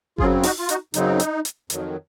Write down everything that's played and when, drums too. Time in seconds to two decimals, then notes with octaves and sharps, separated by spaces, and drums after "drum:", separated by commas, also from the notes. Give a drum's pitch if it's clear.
0.18 F#2 C#3 F#3 C4 F4 G#4, drum: kick G1
0.43 D#4 F#4, drum: open hi-hat
0.59 F4
0.69 D#4 F#4, drum: hi-hat
0.94 F#2 C#3 F#3 C4 D#4, drum: hi-hat
1.20 drum: hi-hat
1.45 drum: hi-hat
1.70 F2 D#3 F#3, drum: hi-hat